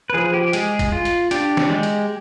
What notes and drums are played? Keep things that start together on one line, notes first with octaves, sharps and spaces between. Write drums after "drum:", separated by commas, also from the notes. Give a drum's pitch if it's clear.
B4
F3 G#4
G4
G#3 G#4, drum: hi-hat
drum: kick, hi-hat
F4
drum: hi-hat
D4 G4, drum: hi-hat
drum: snare
G#3
drum: hi-hat